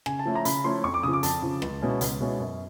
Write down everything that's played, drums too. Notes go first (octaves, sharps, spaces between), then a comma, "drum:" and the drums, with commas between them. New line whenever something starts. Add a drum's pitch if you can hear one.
C#3 G#5, drum: rim click
A5
F3 A3 C#4 E4
A#5
C#3 B5, drum: hi-hat
F3 A3 C#4 E4 C6
F2 C#6
D6
C#3 F3 D#6
D6
F2 A5, drum: hi-hat
C#3 F3
C#2, drum: rim click
B2 G#3 C#4 E4
C#2, drum: hi-hat
B2 G#3 C#4 E4
F#2